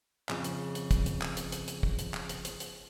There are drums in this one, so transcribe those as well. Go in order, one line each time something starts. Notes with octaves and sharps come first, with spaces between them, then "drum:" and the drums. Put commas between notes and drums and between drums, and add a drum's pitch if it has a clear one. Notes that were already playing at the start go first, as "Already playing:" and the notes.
F2 C#3, drum: clap
drum: hi-hat
drum: hi-hat
drum: kick, hi-hat
drum: hi-hat
drum: clap
drum: hi-hat
drum: hi-hat
drum: hi-hat
drum: kick
drum: hi-hat
drum: clap
drum: hi-hat
drum: hi-hat
drum: hi-hat